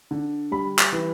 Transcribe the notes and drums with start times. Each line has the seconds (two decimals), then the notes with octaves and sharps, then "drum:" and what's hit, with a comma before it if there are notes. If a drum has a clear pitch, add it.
0.11 D3
0.51 G3 B5
0.79 drum: clap
0.92 E3